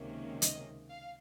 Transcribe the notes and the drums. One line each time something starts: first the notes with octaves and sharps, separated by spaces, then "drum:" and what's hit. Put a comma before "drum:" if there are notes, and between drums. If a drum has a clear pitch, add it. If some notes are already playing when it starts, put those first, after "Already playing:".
Already playing: C#2 C3 D#3 A#3 C#4
D#5, drum: hi-hat
F5